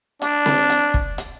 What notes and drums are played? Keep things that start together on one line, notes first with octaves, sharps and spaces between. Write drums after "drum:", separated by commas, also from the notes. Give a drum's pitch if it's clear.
D4, drum: hi-hat
drum: snare C4
drum: hi-hat
drum: kick
drum: hi-hat